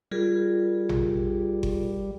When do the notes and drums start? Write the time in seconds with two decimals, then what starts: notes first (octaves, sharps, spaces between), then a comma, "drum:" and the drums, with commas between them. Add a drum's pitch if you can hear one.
0.11 G3 F4 G#4 A#4
0.89 drum: tom A1
1.63 drum: kick G1